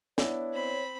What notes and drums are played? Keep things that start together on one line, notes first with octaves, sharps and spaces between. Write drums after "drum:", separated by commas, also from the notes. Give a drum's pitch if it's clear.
B3 D4 E4 C#5, drum: snare
C4 B5